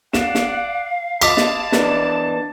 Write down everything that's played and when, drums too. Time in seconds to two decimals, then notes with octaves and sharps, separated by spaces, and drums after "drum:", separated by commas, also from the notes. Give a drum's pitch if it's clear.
0.13 D5 F5 F#5 E7, drum: snare
0.35 drum: snare
1.21 D#5 A5 D6 B6, drum: cymbal
1.37 drum: snare
1.72 E3 B3 D4, drum: snare